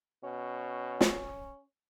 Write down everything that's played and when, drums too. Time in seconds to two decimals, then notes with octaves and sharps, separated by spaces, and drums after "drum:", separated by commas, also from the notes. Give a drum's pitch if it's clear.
0.24 B2 C#4
1.01 drum: snare